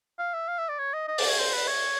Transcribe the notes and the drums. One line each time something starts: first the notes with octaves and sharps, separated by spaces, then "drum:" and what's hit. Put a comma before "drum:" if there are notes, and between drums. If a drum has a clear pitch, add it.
F5
E5
F5
E5
D5
C#5
D#5
D#5
D5, drum: open hi-hat
C#5
C5
B4
C#5